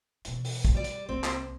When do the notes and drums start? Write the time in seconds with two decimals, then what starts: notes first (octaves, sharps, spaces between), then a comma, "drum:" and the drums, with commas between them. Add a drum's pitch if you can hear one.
0.25 B2 E3, drum: hi-hat
0.45 drum: open hi-hat
0.65 drum: kick, hi-hat
0.74 G3 D5
0.84 drum: hi-hat
1.09 C2 A#3 C4
1.24 drum: clap